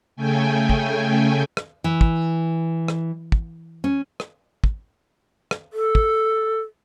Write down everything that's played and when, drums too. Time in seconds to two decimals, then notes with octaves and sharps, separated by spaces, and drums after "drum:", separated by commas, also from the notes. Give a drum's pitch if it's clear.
0.16 C#3 A3 G5 G#5
0.69 drum: kick
1.57 drum: rim click
1.84 E3
2.01 drum: kick
2.88 drum: rim click
3.32 drum: kick
3.84 C#4
4.20 drum: rim click
4.64 drum: kick
5.51 drum: rim click
5.73 A4
5.95 drum: kick